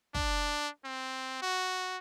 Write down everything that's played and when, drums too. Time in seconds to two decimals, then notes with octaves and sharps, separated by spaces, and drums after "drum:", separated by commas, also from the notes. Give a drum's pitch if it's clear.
0.14 D4, drum: kick
0.84 C4
1.42 F#4